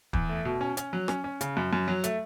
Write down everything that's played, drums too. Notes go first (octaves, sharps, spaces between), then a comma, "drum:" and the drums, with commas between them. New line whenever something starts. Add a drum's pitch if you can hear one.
E2, drum: kick
A3
B2
C#4
C#4, drum: hi-hat
F#3
C#4, drum: rim click
C#4
C#3, drum: hi-hat
F#2
F#2
F#3
A3, drum: hi-hat